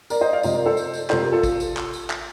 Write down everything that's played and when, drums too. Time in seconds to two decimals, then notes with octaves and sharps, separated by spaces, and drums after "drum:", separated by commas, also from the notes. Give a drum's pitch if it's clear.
0.10 A#4 D5, drum: tambourine
0.21 C5 D#5
0.33 D5 F5
0.43 C3 F3 C5 D#5, drum: tambourine
0.55 A#4 D5
0.66 A4 C5
0.77 drum: tambourine
0.94 drum: tambourine
1.10 C3 F3 A4 C5, drum: clap
1.21 G4 A#4
1.32 F4 A4
1.43 drum: kick A1, tambourine
1.60 drum: tambourine
1.77 drum: clap
1.93 drum: tambourine
2.10 drum: clap